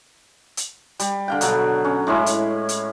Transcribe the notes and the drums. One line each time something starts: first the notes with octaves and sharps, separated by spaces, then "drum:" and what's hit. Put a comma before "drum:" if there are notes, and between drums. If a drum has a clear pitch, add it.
drum: hi-hat
G3, drum: hi-hat
D3 F5 G5
B2 F#3 A4, drum: hi-hat
C#4
A2 G#3 C#4 E4
drum: hi-hat
drum: hi-hat